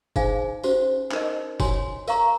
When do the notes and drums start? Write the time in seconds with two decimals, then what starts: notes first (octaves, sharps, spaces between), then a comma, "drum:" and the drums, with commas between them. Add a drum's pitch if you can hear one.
0.16 D#4 G#4 C5 F5 G#5, drum: kick, tambourine
0.63 C#4 F#4 C5, drum: tambourine
1.12 D#4 A#4 D#5, drum: clap
1.60 F#4 C#5 G#5 C6, drum: kick, tambourine
2.08 A#4 F5 A#5 C#6, drum: tambourine